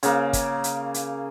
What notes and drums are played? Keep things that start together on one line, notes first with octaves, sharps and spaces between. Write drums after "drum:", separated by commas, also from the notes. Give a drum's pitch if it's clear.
C#3 A#3, drum: hi-hat
drum: kick, hi-hat
drum: hi-hat
drum: hi-hat